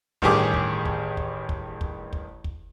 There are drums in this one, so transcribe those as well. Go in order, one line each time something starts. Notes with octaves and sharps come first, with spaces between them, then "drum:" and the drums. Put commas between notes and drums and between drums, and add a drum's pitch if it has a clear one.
A1 G2 D#3 G4 G#4 D6, drum: kick
drum: kick
drum: kick
drum: kick
drum: kick
drum: kick
drum: kick
drum: kick